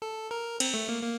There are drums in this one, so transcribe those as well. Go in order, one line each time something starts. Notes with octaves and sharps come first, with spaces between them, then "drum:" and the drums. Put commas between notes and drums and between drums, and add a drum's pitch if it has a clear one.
A4
A#4
C4, drum: cymbal
A3
A#3
A#3